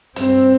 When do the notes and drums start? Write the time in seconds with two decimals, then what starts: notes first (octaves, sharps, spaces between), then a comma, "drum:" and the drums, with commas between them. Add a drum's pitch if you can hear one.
0.16 G2 C4, drum: hi-hat